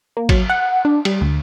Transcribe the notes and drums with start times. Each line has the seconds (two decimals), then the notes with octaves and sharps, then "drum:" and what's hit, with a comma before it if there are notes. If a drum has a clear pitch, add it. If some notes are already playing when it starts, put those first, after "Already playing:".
0.17 A#3
0.29 F#3, drum: kick G#1, cymbal
0.50 F#5
0.85 D4
1.05 G3, drum: cymbal
1.21 D2